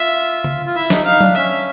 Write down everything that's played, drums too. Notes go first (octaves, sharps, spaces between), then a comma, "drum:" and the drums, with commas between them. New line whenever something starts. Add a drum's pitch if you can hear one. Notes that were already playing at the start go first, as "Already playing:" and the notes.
Already playing: F4 E5
drum: tom C#3
F4
E4 E5
D#4, drum: snare
D#4 F5
D4, drum: tom F#3
C#4 E5